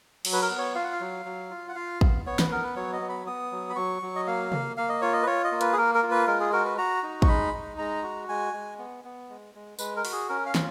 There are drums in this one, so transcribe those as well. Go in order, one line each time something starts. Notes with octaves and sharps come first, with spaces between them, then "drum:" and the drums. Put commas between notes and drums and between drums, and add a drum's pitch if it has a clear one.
F#3, drum: cymbal
B4
A#4
B3
C#5
F4 F5
F#5
F5
F#3
F#3
F4
F#5
F4 F5
B3, drum: kick
B3 C#5
B4, drum: snare
B3 A#4
B4
F#3 C#5
D#5
B3
B5
B3 D#6
F#3
B5
F#3 C#6
F#3
D#5
A#3 F5
A#3, drum: tom C3
A#3 F5
D#5
F4 C#5
D#5
B4
F4 C#5
D#5
A#3
B4, drum: hi-hat
G#4
A#3 A#4
A#4
F4
B4
G#3 A#4
G#4
F#4 A#4
B4
F#4 A#5
D#4
C#6, drum: kick
G#3 B5
D#4
G#3 A#5
F#4
G#3 G#5
G#3
B3
B3
G#3
G#3
G#3 B4, drum: tambourine
A#4
F#4, drum: open hi-hat
G#4
C#4 A#4
F5
F4, drum: snare